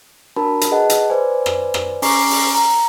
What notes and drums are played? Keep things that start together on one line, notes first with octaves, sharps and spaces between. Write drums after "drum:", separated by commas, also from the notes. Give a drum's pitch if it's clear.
D4 F#4 A#4 A5 B5
drum: hi-hat
G#4 B4 D#5 F#5 A5
drum: hi-hat
B4 C5 D5 G#5
drum: rim click
drum: rim click
C#4 G#5 A#5 C#6 D6 C7, drum: open hi-hat
drum: open hi-hat
A#5